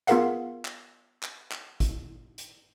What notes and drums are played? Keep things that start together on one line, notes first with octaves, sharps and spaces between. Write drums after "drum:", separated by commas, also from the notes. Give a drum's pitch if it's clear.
B3 F4 G#4 A#4 F5 F#5, drum: hi-hat
drum: clap
drum: clap
drum: clap
drum: kick, hi-hat
drum: hi-hat